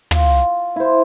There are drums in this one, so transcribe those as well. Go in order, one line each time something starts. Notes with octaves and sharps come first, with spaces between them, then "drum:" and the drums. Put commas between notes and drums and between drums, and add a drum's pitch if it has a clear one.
F4, drum: tom
E4 C5